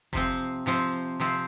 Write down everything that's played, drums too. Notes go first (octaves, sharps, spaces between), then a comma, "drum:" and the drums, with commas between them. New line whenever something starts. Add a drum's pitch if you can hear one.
C3 F3 C4, drum: kick F#1
C3 F3 C4
C3 F3 C4